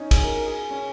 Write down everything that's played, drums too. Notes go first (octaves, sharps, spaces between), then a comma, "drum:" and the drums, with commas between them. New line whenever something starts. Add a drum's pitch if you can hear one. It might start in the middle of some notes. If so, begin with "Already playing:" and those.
Already playing: C#4 D#4
G#4, drum: kick, cymbal
A#4
A#4
G#4
G#4
C#4